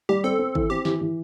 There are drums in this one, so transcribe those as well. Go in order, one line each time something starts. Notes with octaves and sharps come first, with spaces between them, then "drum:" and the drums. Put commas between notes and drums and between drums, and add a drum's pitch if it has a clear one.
G3 G4
C4 A4
C4
E3, drum: kick
C4 G4
E3, drum: snare
E3